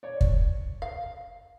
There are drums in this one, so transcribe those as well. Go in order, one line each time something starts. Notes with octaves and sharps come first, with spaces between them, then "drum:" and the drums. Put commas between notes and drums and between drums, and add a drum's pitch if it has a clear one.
C#5 D5
drum: kick
F5